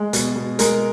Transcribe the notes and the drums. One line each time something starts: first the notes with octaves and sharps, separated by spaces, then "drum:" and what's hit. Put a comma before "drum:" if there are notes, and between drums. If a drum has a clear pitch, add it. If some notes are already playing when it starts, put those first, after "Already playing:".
Already playing: G#3
B2, drum: hi-hat
B2
G#3 A#4, drum: hi-hat